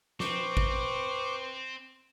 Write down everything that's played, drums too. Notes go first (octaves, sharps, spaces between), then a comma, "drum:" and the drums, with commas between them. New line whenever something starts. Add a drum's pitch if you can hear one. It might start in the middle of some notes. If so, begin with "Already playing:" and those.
C4 B4 C5 C#6 D6, drum: snare
drum: kick